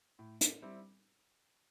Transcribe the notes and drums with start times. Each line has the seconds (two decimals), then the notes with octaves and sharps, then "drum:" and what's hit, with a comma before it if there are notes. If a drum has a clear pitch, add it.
0.19 A2
0.41 drum: hi-hat
0.62 G3 C4 E4